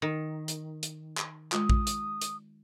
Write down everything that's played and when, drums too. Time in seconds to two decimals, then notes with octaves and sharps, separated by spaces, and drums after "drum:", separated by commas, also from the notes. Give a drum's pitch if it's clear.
0.02 D#3
0.48 drum: hi-hat
0.83 drum: hi-hat
1.18 drum: clap
1.52 G#3 F4 D#6, drum: clap
1.70 drum: kick A#1
1.87 drum: hi-hat
2.21 drum: hi-hat